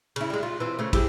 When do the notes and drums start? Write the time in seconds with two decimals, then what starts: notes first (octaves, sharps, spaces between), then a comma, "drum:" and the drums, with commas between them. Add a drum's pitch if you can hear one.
0.16 C#3 E4, drum: cymbal
0.30 G3 G#3
0.43 F4
0.60 E3 C4
0.79 C#3 A3
0.93 E4 G4 G#4, drum: kick, cymbal